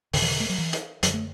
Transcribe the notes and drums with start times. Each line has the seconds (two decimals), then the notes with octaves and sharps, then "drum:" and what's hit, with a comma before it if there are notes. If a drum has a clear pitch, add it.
0.13 E2 B2 D3, drum: open hi-hat
0.22 E3
0.30 D3
0.40 A3
0.49 F#3
0.58 E3
0.73 drum: hi-hat
1.03 F#2 D3 F#3, drum: hi-hat
1.14 A3